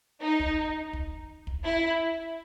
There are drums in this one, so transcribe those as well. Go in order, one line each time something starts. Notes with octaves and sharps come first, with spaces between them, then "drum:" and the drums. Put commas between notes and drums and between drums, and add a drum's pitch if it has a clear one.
D#4
drum: kick
drum: kick
drum: kick
E4